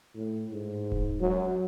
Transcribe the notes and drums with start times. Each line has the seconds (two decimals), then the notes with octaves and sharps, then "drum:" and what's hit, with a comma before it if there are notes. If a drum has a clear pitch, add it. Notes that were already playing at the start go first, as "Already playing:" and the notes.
0.15 A2
0.52 G#2
0.92 drum: kick D#1
1.21 F#3